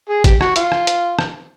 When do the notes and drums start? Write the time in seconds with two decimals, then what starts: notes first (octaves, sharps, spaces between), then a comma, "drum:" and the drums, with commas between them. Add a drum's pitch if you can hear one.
0.09 G#4
0.24 G4, drum: kick, hi-hat
0.41 F#4, drum: rim click
0.56 F4, drum: hi-hat
0.72 drum: rim click
0.87 drum: hi-hat
1.19 drum: rim click